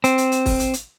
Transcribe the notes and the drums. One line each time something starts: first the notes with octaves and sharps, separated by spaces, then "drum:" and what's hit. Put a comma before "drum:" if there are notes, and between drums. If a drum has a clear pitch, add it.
C4, drum: hi-hat
drum: hi-hat
drum: hi-hat
drum: kick, open hi-hat
drum: hi-hat
drum: hi-hat